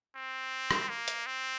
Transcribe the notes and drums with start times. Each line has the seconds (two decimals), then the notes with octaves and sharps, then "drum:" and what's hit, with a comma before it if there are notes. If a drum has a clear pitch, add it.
0.15 C4
0.71 drum: rim click
0.89 A#3
1.08 drum: hi-hat
1.26 C4